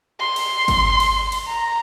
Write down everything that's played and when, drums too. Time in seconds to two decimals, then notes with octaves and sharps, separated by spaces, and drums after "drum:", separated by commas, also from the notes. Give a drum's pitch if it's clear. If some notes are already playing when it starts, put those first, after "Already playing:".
0.20 C6
0.36 drum: cymbal
0.68 drum: kick G1, cymbal
1.00 drum: cymbal
1.32 drum: cymbal
1.48 A#5